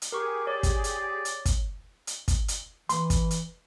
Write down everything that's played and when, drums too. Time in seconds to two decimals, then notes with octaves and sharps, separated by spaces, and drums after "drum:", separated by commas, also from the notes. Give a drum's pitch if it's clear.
0.02 drum: hi-hat
0.12 G4 G#4 A#4 C#6 D6
0.47 C#5 D5
0.63 drum: kick, hi-hat
0.84 drum: hi-hat
1.25 drum: hi-hat
1.46 drum: kick, hi-hat
2.07 drum: hi-hat
2.28 drum: kick, hi-hat
2.48 drum: hi-hat
2.89 E3 C6, drum: hi-hat
3.10 drum: kick, hi-hat
3.31 drum: hi-hat